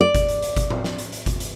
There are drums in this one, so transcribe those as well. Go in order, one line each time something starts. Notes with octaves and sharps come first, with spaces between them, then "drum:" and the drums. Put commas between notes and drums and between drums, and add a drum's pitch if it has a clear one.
D5
drum: kick G1, hi-hat
drum: hi-hat
drum: hi-hat
drum: kick G1, hi-hat
drum: tom
drum: snare
drum: hi-hat
drum: hi-hat
drum: kick G1, hi-hat
drum: hi-hat